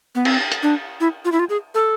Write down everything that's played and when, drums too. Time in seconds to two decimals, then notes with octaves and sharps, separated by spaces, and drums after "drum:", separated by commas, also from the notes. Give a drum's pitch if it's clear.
0.15 B3
0.25 C4, drum: cymbal
0.52 drum: hi-hat
0.63 D4
1.00 E4
1.25 F4
1.32 E4
1.39 F4
1.49 G#4
1.75 A4